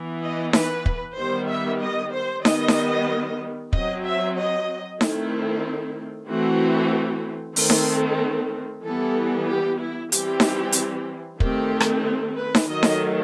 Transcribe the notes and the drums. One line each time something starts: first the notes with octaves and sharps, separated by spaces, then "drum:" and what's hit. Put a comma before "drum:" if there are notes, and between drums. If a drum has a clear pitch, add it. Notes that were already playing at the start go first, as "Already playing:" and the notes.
Already playing: E3 B3
D#5
B4, drum: snare D#4
drum: kick
D#3 G3 B3 C5
E5
D#5
C5
D#3 G3 B3 D#5, drum: snare D#4
drum: snare D#4
F#3 C4 D#5, drum: kick
E5
D#5
D#3 A3 C4 E4, drum: snare D#4
E3 A3 C4 F#4
D#3 A3 C4 A4, drum: open hi-hat
drum: snare D#4
E3 G3 B3 A4
G4
E4
E3 G3 C4 G4, drum: hi-hat
drum: snare D#4
drum: hi-hat
D#3 A3 C4 G4, drum: kick
drum: rim click
B4
drum: snare D#4
D#3 F#3 A3 D#5
drum: snare D#4